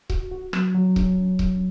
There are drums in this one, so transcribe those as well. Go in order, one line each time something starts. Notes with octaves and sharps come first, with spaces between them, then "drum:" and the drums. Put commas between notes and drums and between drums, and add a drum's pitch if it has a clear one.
F#4, drum: kick C#1
F#4
F#3, drum: rim click
F#3
C#4, drum: kick C#1
drum: kick C#1